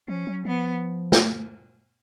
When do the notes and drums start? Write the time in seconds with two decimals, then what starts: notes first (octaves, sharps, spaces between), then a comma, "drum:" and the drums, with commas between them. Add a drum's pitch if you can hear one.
0.08 F3 C#4
0.27 F#3
0.45 F3 B3
1.12 drum: snare